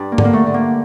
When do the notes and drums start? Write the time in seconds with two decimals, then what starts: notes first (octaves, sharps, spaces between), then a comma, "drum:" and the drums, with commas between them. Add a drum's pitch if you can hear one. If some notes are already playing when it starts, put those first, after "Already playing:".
Already playing: G2 D4
0.12 A#3
0.18 D3, drum: tom G#2
0.25 A#3
0.33 A3
0.47 D3
0.54 A#3